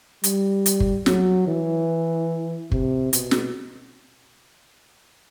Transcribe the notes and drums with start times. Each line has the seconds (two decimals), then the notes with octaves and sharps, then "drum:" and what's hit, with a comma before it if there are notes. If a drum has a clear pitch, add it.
0.24 G3, drum: hi-hat
0.66 drum: hi-hat
0.80 drum: kick
1.06 F#3, drum: snare
1.48 E3
2.72 C3, drum: kick
3.13 B2, drum: hi-hat
3.31 drum: snare